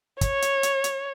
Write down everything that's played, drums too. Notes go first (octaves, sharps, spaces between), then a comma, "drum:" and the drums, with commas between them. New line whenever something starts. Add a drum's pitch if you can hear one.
C#5, drum: kick, hi-hat
drum: hi-hat
drum: hi-hat
drum: hi-hat